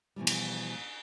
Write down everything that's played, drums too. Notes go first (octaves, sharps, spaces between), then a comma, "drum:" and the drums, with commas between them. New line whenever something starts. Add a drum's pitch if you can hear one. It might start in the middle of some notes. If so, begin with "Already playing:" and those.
B2 E3 F3 G3
drum: cymbal